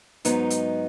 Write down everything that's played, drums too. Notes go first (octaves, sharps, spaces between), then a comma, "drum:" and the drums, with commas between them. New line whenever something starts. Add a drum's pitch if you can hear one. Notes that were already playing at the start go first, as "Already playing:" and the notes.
G#2 F#3 B3 D#4, drum: hi-hat
drum: hi-hat